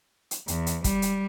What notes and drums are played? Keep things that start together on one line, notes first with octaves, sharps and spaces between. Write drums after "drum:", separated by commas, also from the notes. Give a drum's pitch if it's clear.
drum: hi-hat
E2, drum: hi-hat
drum: hi-hat
G3, drum: kick, hi-hat
drum: hi-hat